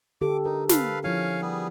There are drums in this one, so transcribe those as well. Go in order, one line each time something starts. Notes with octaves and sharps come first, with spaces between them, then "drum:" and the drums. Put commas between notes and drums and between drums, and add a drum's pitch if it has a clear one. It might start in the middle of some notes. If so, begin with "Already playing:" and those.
D3 G4 A4 D6
D#4 A#4
A4 B4 F5, drum: snare
F3 C#4 E4 F5 G#5
G3 B3 G#4